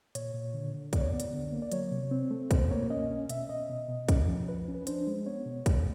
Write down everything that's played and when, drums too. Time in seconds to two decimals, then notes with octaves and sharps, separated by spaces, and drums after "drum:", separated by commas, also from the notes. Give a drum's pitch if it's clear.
0.15 A#2 C#5, drum: hi-hat
0.34 A#2
0.54 D3
0.74 D3
0.93 B3 D5, drum: kick, hi-hat
1.00 C#5
1.09 B3 D5
1.20 drum: hi-hat
1.33 D3
1.52 A#3
1.62 D5
1.72 F#3 C#5, drum: hi-hat
1.91 C3
2.11 C4
2.31 A3
2.51 B2 C5, drum: kick, hi-hat
2.71 A#3 C#5
2.90 C#4 D#5
3.10 C#4
3.30 B2 E5, drum: hi-hat
3.49 B2 D#5
3.70 B2
3.88 B2
4.09 C#4, drum: kick, hi-hat
4.28 F3
4.48 F3 B4
4.68 C#4
4.74 B4
4.87 D4 C5, drum: hi-hat
5.07 G#3
5.26 B3 C#5
5.46 B2
5.66 A3, drum: kick, hi-hat